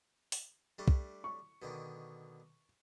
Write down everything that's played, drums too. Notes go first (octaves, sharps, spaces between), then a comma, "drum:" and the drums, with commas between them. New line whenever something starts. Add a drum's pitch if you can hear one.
drum: open hi-hat
G3 A3 D4
drum: kick
C#6
B2 D3 D#3